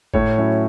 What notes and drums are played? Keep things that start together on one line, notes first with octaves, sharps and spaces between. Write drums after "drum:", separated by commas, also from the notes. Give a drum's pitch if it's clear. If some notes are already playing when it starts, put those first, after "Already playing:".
A2 C#5, drum: kick G1
F#3 C#4 E4